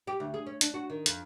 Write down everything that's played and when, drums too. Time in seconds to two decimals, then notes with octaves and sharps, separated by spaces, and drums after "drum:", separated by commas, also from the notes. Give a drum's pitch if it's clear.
0.07 G4
0.20 D2
0.34 G#4
0.46 C#4
0.61 D4, drum: hi-hat
0.74 F#4
0.90 D#3
1.06 F2, drum: hi-hat